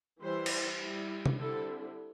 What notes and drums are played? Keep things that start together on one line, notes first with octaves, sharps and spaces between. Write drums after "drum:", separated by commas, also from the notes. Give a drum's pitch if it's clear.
E3 G3 E4 C5
drum: cymbal
G3 E4
drum: tom C3
D3 G3 C4 E4 A4